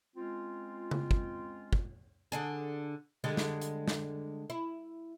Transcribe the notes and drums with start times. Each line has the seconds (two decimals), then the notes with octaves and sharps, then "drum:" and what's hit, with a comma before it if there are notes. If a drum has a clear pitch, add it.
0.16 G#3 C4 C#4 F4
0.91 drum: tom C#3
1.11 drum: kick
1.73 drum: kick
2.32 D3 D4 G#4
3.24 D3 G3 G#3
3.37 drum: snare
3.61 drum: hi-hat
3.88 drum: snare
4.50 E4